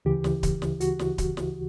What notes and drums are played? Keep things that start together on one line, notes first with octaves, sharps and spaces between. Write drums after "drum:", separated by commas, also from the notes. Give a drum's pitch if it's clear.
D2 C#3 E3 G4
drum: snare
drum: kick D1, hi-hat
drum: snare
F#4, drum: hi-hat
drum: snare
drum: kick D1, hi-hat
drum: snare